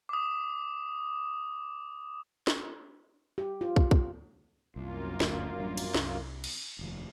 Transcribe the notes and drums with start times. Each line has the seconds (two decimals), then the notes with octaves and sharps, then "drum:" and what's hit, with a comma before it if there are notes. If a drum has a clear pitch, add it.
0.09 D6 D#6
2.47 drum: snare
3.38 G4
3.61 F4
3.76 drum: kick
3.91 drum: kick
4.76 C2 F#2 A#3 F4
5.20 G1 D2, drum: snare
5.58 A1 G3 D4
5.77 drum: cymbal
5.95 C2, drum: snare
6.44 drum: cymbal
6.79 F1 D#2 F3